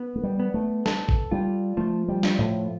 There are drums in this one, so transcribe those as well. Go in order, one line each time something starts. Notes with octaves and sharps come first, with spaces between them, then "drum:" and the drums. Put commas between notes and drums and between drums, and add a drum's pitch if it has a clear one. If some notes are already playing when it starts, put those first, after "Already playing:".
Already playing: B3
A3
G3
B3
A3
A4, drum: snare
drum: kick A1
G3 F4
F3 A3
G3
F4, drum: snare
A2